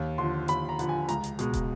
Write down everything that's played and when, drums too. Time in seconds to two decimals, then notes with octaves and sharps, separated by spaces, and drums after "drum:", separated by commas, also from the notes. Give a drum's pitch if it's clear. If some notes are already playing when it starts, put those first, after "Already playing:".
Already playing: D#2
0.18 D3 F3 C6
0.48 D#2 B5, drum: hi-hat
0.69 A#5
0.79 D3 F3, drum: hi-hat
0.89 G#5
1.09 C#2 A#5, drum: hi-hat
1.24 drum: hi-hat
1.39 B2 G#3, drum: hi-hat
1.53 drum: kick, hi-hat